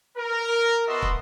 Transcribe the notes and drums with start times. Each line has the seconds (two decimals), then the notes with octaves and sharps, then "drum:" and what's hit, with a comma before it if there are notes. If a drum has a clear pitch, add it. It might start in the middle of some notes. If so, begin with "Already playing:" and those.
0.17 A#4
0.87 B3 F#4 D#5 E5 A5 C6
1.02 drum: kick